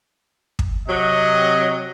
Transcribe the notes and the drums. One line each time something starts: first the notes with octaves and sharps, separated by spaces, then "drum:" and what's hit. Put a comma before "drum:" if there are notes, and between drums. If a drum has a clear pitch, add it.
drum: kick
C3 F#3 D#5